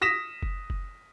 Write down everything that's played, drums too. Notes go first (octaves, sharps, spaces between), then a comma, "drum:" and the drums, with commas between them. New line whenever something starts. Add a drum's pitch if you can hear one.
D#6 A#6 B6 E7
drum: kick F#1
drum: kick F#1